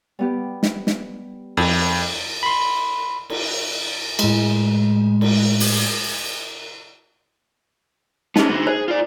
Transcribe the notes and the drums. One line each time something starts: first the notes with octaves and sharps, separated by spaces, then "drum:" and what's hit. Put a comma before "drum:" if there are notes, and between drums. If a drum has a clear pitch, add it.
G3 B3 G4
drum: snare
drum: snare
F2, drum: cymbal
B5 C6
drum: cymbal
A2 G#3, drum: cymbal
drum: cymbal
drum: open hi-hat
B3 C#4 D#4 G#4, drum: snare
D3 F#4
G#4 C5
F4 D5